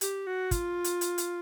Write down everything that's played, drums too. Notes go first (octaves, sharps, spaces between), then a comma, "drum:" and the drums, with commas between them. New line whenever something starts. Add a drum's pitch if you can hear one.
G4, drum: hi-hat
F#4
F4, drum: kick, hi-hat
drum: hi-hat
drum: hi-hat
drum: hi-hat